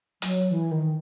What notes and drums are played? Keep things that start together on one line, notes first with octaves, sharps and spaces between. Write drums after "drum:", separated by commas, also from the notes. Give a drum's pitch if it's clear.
F#3, drum: hi-hat
E3
D#3